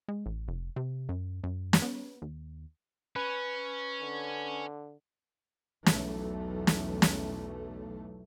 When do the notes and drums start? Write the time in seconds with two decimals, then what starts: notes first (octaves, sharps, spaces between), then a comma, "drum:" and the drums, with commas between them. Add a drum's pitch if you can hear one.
0.08 G#3
0.26 A1
0.48 F1
0.76 C3
1.09 F#2
1.44 F#2
1.73 drum: snare
1.82 B3
2.22 D#2
3.16 C#4 B4
4.02 D3
5.86 B1 E2 A3, drum: snare
6.67 drum: snare
7.02 drum: snare